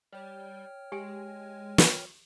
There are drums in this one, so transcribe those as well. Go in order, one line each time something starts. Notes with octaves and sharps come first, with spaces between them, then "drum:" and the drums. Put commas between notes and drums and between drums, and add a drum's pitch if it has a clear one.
G3 C#5 G5 F6
G#3 G4 G#5
drum: snare